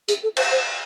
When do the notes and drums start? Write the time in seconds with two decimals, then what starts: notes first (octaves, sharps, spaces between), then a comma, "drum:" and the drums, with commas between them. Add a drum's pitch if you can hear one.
0.08 G#4, drum: hi-hat
0.23 A4
0.37 C5, drum: cymbal
0.51 C5